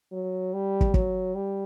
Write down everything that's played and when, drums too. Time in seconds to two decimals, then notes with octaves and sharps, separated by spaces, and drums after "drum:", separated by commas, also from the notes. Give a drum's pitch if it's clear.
0.12 F#3
0.53 G3
0.81 drum: kick
0.94 F#3, drum: kick
1.35 G3